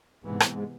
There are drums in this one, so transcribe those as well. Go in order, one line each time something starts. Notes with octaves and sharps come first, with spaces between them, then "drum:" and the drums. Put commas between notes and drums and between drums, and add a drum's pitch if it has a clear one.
G#2 C3 E3 G#3 B3
A2, drum: rim click
G#2